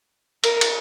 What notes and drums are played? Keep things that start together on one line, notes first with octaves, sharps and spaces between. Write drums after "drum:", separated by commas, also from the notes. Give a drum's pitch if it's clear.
A#4, drum: cymbal
drum: cymbal